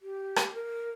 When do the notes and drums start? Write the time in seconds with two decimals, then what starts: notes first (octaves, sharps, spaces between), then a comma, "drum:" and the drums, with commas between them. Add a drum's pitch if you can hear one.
0.02 G4
0.36 drum: rim click
0.53 A#4